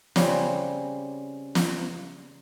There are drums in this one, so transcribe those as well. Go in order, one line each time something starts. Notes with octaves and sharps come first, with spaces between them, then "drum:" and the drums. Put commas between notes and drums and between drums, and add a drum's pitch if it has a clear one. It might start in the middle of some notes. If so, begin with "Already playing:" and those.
C#3 G3 C4 C#4, drum: snare
drum: snare